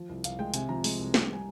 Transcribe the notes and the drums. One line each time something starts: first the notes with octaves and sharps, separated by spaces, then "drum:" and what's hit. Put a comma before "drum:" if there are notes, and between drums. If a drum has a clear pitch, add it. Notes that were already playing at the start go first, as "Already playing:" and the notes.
Already playing: F3
C2
C2 F5, drum: hi-hat
G#3 G5
C3 G#5, drum: hi-hat
F3 A#5
G#3, drum: open hi-hat
C2
G3, drum: snare
G3 G#5